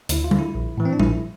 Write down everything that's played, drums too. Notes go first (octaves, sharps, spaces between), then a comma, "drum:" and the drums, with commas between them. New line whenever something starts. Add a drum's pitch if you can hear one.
D2 E4, drum: hi-hat
F4
D3, drum: tom G3
E4
A#1
A2 E3
C4
D4
A#1 E4, drum: tom G3